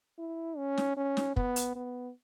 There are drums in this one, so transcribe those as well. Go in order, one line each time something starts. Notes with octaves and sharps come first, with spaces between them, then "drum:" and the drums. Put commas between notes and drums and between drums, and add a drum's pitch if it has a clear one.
E4
C#4
drum: snare
C#4
drum: snare
B3, drum: kick
drum: hi-hat
B3